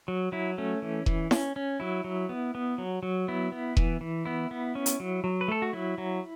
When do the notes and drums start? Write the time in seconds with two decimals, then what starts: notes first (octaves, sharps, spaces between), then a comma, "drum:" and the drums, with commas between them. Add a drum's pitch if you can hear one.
0.08 F#3
0.32 F#3 E4
0.58 A3 C#4
0.82 E3
1.06 E3, drum: kick E1
1.31 C#4, drum: snare E4
1.56 C#4
1.80 F#3 E4
2.04 F#3
2.29 B3
2.55 B3
2.78 F#3
3.03 F#3
3.28 B3 E4
3.52 B3
3.77 E3, drum: kick E1
4.01 E3
4.25 B3 E4
4.51 B3
4.75 C#4
4.86 drum: hi-hat
5.00 F#3
5.24 F#3
5.41 B4
5.48 A3 A4
5.62 F#4
5.73 F#3 E4
5.98 F#3